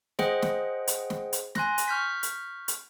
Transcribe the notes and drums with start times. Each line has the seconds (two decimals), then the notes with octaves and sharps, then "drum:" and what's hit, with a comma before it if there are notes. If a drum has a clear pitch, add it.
0.19 G#4 C5 D#5 F#5 G5, drum: snare
0.42 drum: snare
0.87 drum: hi-hat
1.10 drum: snare
1.33 drum: hi-hat
1.55 G#5 C6 F#6 A#6, drum: snare
1.78 drum: hi-hat
1.88 C#6 F6 G6 B6
2.23 drum: hi-hat
2.68 drum: hi-hat